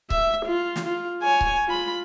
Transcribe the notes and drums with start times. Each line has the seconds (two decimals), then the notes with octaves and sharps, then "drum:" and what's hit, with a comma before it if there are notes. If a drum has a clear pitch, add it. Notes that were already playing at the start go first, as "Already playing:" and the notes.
0.10 E5, drum: kick C#1
0.45 F4
0.75 drum: snare
0.85 F4
1.22 C#5 G#5
1.41 drum: kick C#1
1.67 F4 B5